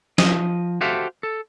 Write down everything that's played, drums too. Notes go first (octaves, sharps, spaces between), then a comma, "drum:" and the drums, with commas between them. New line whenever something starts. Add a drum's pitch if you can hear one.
F3 D#5, drum: snare
F#4 G4 A4 C5 E5 F5
A4